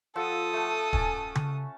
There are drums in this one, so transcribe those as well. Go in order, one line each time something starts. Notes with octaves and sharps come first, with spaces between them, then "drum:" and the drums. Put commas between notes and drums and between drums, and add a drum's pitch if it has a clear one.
F3 A4 F#5 D#6 E6
A3 F#5
C#4 A5, drum: kick
drum: tom C#3